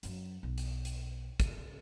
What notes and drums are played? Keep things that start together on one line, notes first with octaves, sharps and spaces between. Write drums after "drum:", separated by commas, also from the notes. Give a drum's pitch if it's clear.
F#2 F#3, drum: hi-hat
B1
drum: hi-hat
drum: hi-hat
drum: kick, hi-hat
C#3